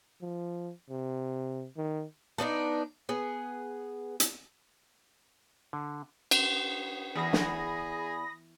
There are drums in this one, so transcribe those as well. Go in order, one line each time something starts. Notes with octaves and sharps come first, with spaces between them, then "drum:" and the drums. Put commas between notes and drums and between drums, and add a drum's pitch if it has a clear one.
F3
C3
D#3
A3 B3 D4 D#4
B3 G#4
drum: hi-hat
D3
drum: cymbal
E2 G#4 B5 D#6 A#6
drum: snare